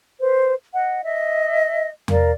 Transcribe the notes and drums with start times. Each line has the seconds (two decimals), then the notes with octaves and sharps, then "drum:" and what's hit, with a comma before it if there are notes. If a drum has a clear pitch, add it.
0.20 B4 C5
0.73 D#5 F#5
1.04 D#5 E5
2.08 A#4 D5 F5, drum: tom E2